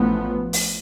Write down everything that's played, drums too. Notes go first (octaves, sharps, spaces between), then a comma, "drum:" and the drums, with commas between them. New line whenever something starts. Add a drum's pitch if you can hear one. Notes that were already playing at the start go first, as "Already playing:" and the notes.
Already playing: A1 A2 F3 B3
drum: open hi-hat